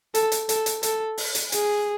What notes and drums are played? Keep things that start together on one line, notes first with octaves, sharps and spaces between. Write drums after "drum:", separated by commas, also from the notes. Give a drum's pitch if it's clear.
A4, drum: hi-hat
drum: hi-hat
A4, drum: hi-hat
drum: hi-hat
A4, drum: hi-hat
drum: open hi-hat
drum: hi-hat
G#4, drum: hi-hat